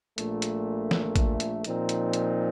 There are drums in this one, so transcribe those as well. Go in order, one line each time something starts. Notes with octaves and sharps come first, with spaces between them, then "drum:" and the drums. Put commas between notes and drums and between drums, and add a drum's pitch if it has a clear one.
A#1 A#2 A3, drum: hi-hat
drum: hi-hat
drum: snare
drum: kick A1, hi-hat
drum: hi-hat
A#2 F3 C4 D#4, drum: hi-hat
drum: hi-hat
drum: hi-hat